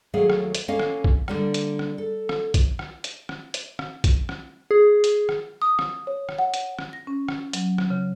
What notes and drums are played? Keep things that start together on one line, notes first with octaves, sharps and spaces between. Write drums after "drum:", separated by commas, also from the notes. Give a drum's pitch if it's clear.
D#2 F#3 A3 G#4 F5
drum: rim click
drum: hi-hat
A#3 C#4 A4 D#5 F5
drum: rim click
drum: kick A#1
D3 G3 A#3, drum: rim click
drum: hi-hat
drum: rim click
A4
drum: rim click
drum: kick A#1, hi-hat
drum: rim click
drum: hi-hat
drum: rim click
drum: hi-hat
drum: rim click
drum: kick A#1, hi-hat
drum: rim click
G#4
drum: hi-hat
drum: rim click
D#6
drum: rim click
C#5
drum: rim click
F#5
drum: hi-hat
drum: rim click
A#6
C#4
drum: rim click
F#3, drum: hi-hat
drum: rim click
C#3